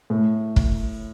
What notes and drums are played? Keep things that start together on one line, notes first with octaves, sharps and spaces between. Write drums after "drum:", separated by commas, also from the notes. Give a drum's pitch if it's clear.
A2
drum: kick